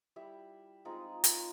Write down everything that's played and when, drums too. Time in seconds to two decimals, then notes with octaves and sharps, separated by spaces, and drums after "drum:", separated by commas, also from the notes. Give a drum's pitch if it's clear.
0.16 G3 E4 E5
0.85 G#3 C4 D#4 F4
1.24 drum: hi-hat